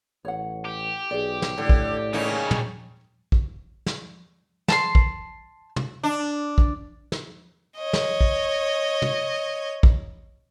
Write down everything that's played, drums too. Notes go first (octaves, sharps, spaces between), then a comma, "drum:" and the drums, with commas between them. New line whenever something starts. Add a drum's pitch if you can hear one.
A1 C#5 F#5
G4
B1 G#4 D5
drum: snare
A2 D3
drum: kick
C#3 G3 A#3 D#4 C#5
drum: tom
drum: kick
drum: snare
A5 C6, drum: snare
drum: kick
drum: tom
D4
drum: kick
drum: snare
C#5 D#5
drum: snare
drum: kick
drum: tom
drum: kick